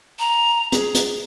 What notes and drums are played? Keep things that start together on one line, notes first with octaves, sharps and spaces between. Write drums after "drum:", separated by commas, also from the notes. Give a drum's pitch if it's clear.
A#5
G#4, drum: hi-hat
drum: hi-hat